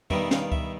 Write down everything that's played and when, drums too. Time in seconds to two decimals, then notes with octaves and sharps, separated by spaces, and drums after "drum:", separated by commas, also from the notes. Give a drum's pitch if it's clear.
0.10 G2 D#3 G3 B3 D#4 E5, drum: tom
0.31 F5, drum: snare
0.52 E5, drum: kick C#2